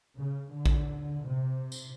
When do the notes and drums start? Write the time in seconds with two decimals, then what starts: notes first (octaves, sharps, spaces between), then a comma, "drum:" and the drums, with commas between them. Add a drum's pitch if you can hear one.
0.17 C#3
0.51 D3
0.66 drum: kick A1
1.25 C3
1.72 drum: tambourine